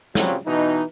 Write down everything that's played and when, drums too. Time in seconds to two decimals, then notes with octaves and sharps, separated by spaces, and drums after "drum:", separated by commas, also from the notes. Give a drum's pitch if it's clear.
0.15 C#3 F#3 G3 C4 F4, drum: snare
0.46 B2 E3 D#4